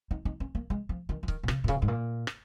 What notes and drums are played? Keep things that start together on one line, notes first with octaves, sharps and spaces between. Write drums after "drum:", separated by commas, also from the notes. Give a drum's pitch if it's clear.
D#4
D#4
C#4
A#3
G#3
F3
D#3
F3
D#3, drum: kick C#1
A#2
C#3, drum: rim click
A#2
C#3, drum: kick C#1
G#2
A#2
drum: rim click